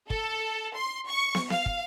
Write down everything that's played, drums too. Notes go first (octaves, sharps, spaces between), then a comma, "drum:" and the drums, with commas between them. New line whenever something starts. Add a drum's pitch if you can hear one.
A4, drum: kick
C6
C#6
drum: snare
F5, drum: snare
drum: kick